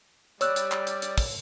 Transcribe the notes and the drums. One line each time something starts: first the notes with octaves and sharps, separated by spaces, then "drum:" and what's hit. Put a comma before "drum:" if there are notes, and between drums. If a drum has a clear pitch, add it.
G3 C#5 D5 E6 F#6, drum: hi-hat
drum: hi-hat
drum: clap
drum: hi-hat
drum: hi-hat
drum: kick, open hi-hat